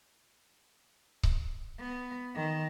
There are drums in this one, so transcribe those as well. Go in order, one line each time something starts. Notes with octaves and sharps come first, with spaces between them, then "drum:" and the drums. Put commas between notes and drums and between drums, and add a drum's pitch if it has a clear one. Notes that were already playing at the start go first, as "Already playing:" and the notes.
drum: kick C#1
B3
D#3